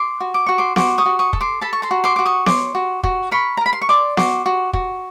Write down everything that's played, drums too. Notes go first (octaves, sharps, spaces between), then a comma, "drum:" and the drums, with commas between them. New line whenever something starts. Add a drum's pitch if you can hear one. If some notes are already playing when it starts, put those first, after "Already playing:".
Already playing: C6 D6
F#4
D6
F#4 C#6
C6 D6
F#4 C6 D6, drum: snare B3
C#6 D#6
F#4
C#6 D#6
A4, drum: kick
C6 D6
A4 A5 B5
C#6
A#5 C6
F#4
C6 D6
F#4 D6
C#6 D#6
C#5 C6 D6, drum: snare B3
F#4
F#4, drum: kick
A#4 B5 C#6
A#5
A#4 B5
C6
C#6
D5 C6 D6
F#4 C6 D6, drum: snare B3
F#4
F#4, drum: kick